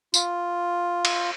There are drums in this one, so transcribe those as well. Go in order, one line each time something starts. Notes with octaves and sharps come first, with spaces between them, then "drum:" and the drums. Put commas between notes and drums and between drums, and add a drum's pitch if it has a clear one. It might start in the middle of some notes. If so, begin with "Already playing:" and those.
F4, drum: tambourine
drum: cymbal